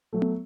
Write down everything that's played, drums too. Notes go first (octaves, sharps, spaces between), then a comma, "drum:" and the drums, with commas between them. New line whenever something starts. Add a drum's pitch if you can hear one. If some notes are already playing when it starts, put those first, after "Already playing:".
F#3 A3
drum: tom B3